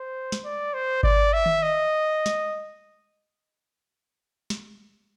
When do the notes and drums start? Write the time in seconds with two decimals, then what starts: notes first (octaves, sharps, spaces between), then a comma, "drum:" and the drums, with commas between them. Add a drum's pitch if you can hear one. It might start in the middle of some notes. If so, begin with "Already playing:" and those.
Already playing: C5
0.32 drum: snare
0.45 D5
0.74 C5
1.03 D5, drum: kick G#1
1.33 E5
1.46 drum: tom D#3
1.63 D#5
2.26 drum: snare
4.50 drum: snare